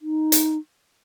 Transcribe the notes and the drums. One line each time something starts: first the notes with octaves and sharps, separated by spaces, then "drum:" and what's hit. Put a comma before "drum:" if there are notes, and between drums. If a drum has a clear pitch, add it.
D#4
drum: hi-hat